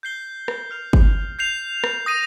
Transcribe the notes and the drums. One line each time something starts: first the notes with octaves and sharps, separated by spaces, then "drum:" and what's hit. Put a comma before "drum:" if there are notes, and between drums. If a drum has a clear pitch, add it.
G6 C7 G7
drum: rim click
F6 C7 F7
drum: kick G1
G6 C7 F7
drum: rim click
D#6 A#6 D#7